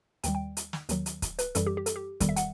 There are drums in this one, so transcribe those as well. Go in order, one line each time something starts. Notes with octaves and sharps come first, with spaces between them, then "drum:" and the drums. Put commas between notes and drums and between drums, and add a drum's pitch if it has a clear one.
D#2 D#3 G3 G5, drum: hi-hat
G5
drum: hi-hat
drum: snare
D#2 D#3 F#3, drum: hi-hat
drum: hi-hat
drum: kick, hi-hat
B4, drum: hi-hat
F#2 E3 G3 A4, drum: hi-hat
G4
G4
A4, drum: hi-hat
G4
E2 D#3 G3 A4, drum: kick, hi-hat
E5
F#5, drum: hi-hat